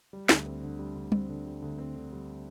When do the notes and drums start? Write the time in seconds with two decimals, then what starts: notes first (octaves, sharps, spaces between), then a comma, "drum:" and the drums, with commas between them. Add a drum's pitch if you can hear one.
0.13 G3
0.29 D2, drum: snare
0.46 C4
0.63 D3
0.79 G3
0.96 D2
1.12 C4, drum: tom
1.29 D3
1.46 G3
1.62 D2
1.78 C4
1.96 D3
2.12 G3